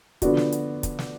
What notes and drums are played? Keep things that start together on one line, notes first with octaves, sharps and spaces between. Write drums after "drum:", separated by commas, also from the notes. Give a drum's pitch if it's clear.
D3 F3 B3 D4 F#4, drum: kick, hi-hat
drum: snare
drum: hi-hat
drum: kick, hi-hat
drum: snare